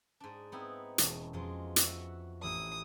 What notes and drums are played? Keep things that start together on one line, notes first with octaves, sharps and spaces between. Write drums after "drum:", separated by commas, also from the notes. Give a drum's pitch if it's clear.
G#2 D4
B3 C4 D#4 E4 G5
E1 C#4 A5, drum: hi-hat
F2 F#3 G#3 F4 D7
F#4 E5 F#5, drum: hi-hat
A1 E4 G4 D#6 F#6